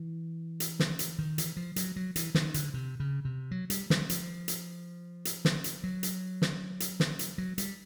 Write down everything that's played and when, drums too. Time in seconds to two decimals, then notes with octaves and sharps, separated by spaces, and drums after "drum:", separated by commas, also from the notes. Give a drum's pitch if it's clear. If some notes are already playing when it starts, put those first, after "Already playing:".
Already playing: E3
0.60 drum: hi-hat
0.79 drum: snare
0.99 drum: hi-hat
1.19 D#3
1.38 E3, drum: hi-hat
1.57 F3
1.76 F#3, drum: hi-hat
1.96 F#3
2.16 E3, drum: hi-hat
2.35 D#3, drum: snare
2.54 D3, drum: hi-hat
2.74 C3
3.00 C#3
3.25 C3
3.51 F#3
3.70 G3, drum: hi-hat
3.90 G3, drum: snare
4.10 F3, drum: hi-hat
4.48 drum: hi-hat
5.25 drum: hi-hat
5.45 drum: snare
5.64 drum: hi-hat
5.84 F#3
6.03 drum: hi-hat
6.42 drum: snare
6.80 drum: hi-hat
7.00 drum: snare
7.19 drum: hi-hat
7.38 F#3
7.58 G3, drum: hi-hat